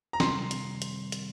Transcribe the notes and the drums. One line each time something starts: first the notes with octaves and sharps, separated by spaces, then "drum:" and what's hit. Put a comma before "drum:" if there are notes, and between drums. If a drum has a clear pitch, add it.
A#5
C3 D#3 G3 C6, drum: snare
drum: hi-hat
drum: hi-hat
drum: hi-hat